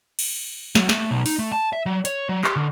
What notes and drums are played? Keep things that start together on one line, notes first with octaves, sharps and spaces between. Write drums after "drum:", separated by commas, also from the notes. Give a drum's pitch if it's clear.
drum: cymbal
F#3, drum: snare
A3, drum: snare
B1
D#4, drum: open hi-hat
A3
A5
E5
F#3
C#5, drum: hi-hat
F#3
G4, drum: clap
D3